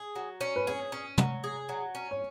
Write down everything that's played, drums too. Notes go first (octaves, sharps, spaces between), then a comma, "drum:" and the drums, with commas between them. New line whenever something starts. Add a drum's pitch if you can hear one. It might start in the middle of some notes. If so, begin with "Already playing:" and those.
Already playing: G#4
F#3
C#4
B4
G#4 C#5
C#4
F#3, drum: tom
G#4
F#3
C#4
C#5